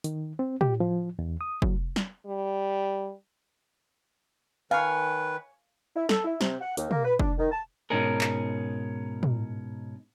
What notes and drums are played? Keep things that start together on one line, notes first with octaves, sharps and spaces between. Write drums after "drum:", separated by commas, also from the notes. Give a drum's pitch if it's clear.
D#3, drum: hi-hat
C4
G4, drum: tom
F3
E2
D#6
F#3, drum: kick
drum: snare
G3
D#3 B4 C#5 F5 G#5
E4
A4, drum: snare
E4
C3, drum: snare
F#5
D#2, drum: hi-hat
A#3, drum: tom
B4
D4, drum: kick
D#3
A5
G#2 B2 C#4 D#4 G#4 A#4
drum: clap
drum: tom